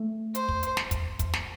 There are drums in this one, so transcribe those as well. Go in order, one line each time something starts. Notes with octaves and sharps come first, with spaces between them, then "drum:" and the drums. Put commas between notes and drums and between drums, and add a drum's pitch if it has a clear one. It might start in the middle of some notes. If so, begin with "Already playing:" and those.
Already playing: A3
C5, drum: hi-hat
drum: kick
drum: hi-hat
drum: snare
drum: kick, hi-hat
drum: kick, hi-hat
drum: snare